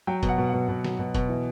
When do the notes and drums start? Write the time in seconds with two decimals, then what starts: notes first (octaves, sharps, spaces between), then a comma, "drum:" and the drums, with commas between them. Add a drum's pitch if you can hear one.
0.07 F#3 G5
0.23 B2, drum: kick, hi-hat
0.29 F#5
0.38 B2
0.49 B2 F#5
0.68 B2
0.84 F#3, drum: snare
0.99 B2
1.14 B2, drum: kick, hi-hat
1.29 E3